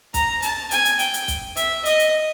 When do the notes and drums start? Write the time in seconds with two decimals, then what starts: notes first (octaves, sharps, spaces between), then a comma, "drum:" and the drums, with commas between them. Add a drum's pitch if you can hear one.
0.14 A#5, drum: kick, hi-hat
0.42 A5, drum: hi-hat
0.71 G#5, drum: hi-hat
0.85 drum: hi-hat
0.99 G5, drum: hi-hat
1.14 drum: hi-hat
1.28 drum: kick, hi-hat
1.56 E5, drum: hi-hat
1.85 D#5, drum: hi-hat
1.99 drum: hi-hat